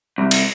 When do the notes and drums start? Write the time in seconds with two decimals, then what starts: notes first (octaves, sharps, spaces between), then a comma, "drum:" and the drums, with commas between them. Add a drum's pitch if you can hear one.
0.18 C2
0.31 drum: cymbal